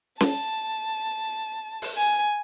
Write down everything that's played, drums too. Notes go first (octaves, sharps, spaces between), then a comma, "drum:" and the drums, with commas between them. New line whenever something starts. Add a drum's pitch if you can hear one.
A5, drum: snare C#4
drum: open hi-hat
G#5